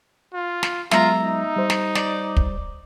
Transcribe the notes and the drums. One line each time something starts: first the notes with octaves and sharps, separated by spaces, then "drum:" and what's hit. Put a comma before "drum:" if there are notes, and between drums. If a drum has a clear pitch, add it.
F4
drum: snare
F#3 G#3 B3 F4 E5 A#5, drum: snare
D#4
G3 C5
drum: snare
D5, drum: snare
drum: kick